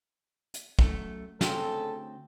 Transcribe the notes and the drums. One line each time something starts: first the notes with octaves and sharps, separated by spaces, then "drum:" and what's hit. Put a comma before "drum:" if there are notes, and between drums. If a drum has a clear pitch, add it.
drum: hi-hat
F#2 A3, drum: kick
D2 C#3 C4 A4 G5, drum: snare